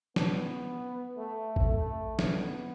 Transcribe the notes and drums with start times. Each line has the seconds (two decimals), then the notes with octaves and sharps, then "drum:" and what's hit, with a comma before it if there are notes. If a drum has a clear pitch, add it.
0.16 B3, drum: snare
1.17 A3
1.56 drum: kick A1
1.68 A3
2.19 B3, drum: snare